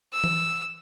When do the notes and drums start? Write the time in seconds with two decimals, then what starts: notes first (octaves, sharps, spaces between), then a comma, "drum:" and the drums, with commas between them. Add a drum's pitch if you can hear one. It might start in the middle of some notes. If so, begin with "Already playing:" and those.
0.13 E6
0.24 drum: tom E3